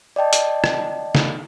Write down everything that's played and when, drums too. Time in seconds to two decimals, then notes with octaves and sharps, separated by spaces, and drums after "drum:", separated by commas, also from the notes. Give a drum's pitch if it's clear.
0.16 D5 D#5 G5 A5
0.33 drum: hi-hat
0.64 drum: rim click
1.15 drum: snare